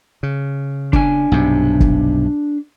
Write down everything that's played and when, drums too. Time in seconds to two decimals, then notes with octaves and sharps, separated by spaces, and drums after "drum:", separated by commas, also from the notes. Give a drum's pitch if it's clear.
0.23 C#3
0.93 D4 G#5, drum: kick
1.32 B1 G2 C3
1.80 drum: kick